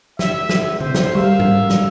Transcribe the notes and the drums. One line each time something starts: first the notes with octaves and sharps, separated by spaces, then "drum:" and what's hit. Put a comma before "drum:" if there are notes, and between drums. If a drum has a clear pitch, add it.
E5, drum: snare
drum: snare
C5, drum: tom
drum: snare
G3 A#4 E5 F5
drum: tom G#2
drum: snare